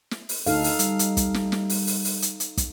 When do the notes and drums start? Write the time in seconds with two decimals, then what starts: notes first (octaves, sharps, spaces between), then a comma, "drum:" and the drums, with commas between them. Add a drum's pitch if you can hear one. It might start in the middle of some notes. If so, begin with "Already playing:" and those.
0.11 drum: snare
0.29 drum: open hi-hat
0.46 D2 D#4 A4 F5, drum: open hi-hat
0.64 drum: open hi-hat
0.79 G3, drum: hi-hat
0.99 drum: hi-hat
1.17 drum: kick, hi-hat
1.34 drum: snare
1.52 drum: snare
1.70 drum: open hi-hat
1.87 drum: open hi-hat
2.05 drum: open hi-hat
2.22 drum: hi-hat
2.40 drum: hi-hat
2.57 drum: kick, hi-hat